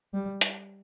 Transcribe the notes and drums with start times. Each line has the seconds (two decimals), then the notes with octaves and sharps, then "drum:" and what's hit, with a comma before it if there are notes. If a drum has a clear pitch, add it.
0.14 G3
0.41 drum: hi-hat